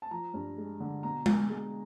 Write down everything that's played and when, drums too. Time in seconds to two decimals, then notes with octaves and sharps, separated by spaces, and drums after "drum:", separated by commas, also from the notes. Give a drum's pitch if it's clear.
0.02 A5
0.11 F3 A#5
0.34 G2
0.57 G#3
0.80 D3
1.03 B2 A#5
1.26 B2, drum: tom
1.50 G#3